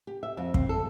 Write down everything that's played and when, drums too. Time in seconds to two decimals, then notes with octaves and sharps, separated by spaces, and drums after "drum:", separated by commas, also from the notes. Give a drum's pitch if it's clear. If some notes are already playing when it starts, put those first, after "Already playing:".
0.07 G4
0.23 E5
0.37 F2
0.54 C4, drum: kick
0.69 A4